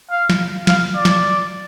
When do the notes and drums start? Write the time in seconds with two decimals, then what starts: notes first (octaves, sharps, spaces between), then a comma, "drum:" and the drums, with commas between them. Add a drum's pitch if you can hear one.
0.10 F5
0.30 drum: snare
0.67 F5, drum: snare
0.96 D5
1.05 drum: snare